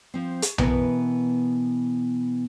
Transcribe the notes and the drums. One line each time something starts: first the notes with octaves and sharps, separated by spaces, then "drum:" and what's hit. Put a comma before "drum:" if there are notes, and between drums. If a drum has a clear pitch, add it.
F3 C4
drum: hi-hat
B2 E3 B3 A#4 B4 E5, drum: tom B1